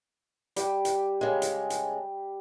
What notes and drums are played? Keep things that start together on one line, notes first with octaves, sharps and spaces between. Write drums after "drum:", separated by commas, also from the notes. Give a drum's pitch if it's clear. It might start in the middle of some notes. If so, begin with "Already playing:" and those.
G3 G4, drum: hi-hat
drum: hi-hat
C#3 G#3
drum: hi-hat
drum: hi-hat